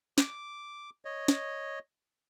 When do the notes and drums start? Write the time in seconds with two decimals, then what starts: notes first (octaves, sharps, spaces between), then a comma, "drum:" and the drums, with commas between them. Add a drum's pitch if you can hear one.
0.18 D6, drum: snare
1.05 C#5 D#5
1.28 drum: snare